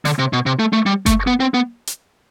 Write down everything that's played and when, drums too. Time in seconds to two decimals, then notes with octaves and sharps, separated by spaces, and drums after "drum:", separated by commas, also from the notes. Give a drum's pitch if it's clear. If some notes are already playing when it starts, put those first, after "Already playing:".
0.05 D3, drum: snare
0.19 C3
0.33 B2
0.46 C3
0.59 A3
0.73 A3
0.86 G3
1.06 A3, drum: kick F#1, hi-hat
1.27 B3
1.40 C4
1.54 B3
1.87 drum: hi-hat